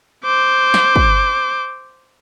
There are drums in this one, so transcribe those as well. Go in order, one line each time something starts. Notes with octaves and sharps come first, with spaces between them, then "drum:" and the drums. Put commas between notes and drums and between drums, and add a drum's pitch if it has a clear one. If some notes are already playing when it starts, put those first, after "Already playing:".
C5 D6
drum: snare
drum: kick